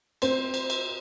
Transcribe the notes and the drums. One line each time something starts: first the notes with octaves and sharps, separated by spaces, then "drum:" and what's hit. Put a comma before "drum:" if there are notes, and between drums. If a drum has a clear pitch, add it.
C4 C5, drum: cymbal
drum: cymbal
drum: cymbal